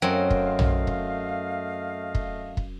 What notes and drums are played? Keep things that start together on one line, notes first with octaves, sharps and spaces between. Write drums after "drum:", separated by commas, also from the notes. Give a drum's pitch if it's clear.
F#2 A3 C4 D#5 F5
drum: kick
drum: tom A#1
drum: kick
drum: kick
drum: kick